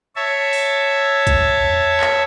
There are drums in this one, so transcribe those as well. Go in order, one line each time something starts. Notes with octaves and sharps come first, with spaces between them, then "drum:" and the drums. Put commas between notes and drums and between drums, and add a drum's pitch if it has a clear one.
C#5 E5 A5
drum: open hi-hat
drum: kick, hi-hat
drum: tom E2
drum: clap